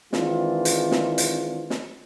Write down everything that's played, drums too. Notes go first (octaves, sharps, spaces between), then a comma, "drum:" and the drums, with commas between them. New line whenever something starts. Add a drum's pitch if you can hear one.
D#3 E3 G#3 C4 D4 F4, drum: snare
drum: hi-hat
drum: snare
drum: hi-hat
drum: snare